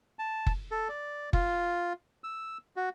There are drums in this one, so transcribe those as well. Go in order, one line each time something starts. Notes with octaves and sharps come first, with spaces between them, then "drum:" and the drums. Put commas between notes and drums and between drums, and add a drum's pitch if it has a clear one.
A5
drum: kick F#1
A4
D5
F4, drum: kick F#1
E6
F#4